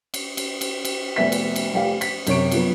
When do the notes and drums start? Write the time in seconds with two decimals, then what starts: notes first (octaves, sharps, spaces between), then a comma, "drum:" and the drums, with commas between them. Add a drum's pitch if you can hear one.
0.14 drum: cymbal
0.37 drum: cymbal
0.61 drum: cymbal
0.85 drum: cymbal
1.16 F1 B3 E5 B6
1.32 drum: cymbal
1.56 drum: cymbal
1.74 F1 G4 F5
2.01 B6, drum: cymbal
2.27 F#2 C3 C#5 C#6 D7, drum: cymbal
2.51 F3 F#3 B3, drum: cymbal